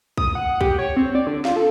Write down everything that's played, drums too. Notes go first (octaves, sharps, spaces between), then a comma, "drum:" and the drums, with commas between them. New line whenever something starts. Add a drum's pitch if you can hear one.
D#6, drum: kick B1
F#5
G4, drum: kick B1
C#5
C4
D5
D3
F4, drum: snare
A4